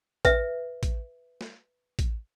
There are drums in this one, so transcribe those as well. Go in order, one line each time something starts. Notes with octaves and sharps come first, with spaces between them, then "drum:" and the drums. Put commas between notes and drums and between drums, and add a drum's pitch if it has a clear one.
B4 E5, drum: kick A1, hi-hat
drum: kick A1, hi-hat
drum: snare
drum: kick A1, hi-hat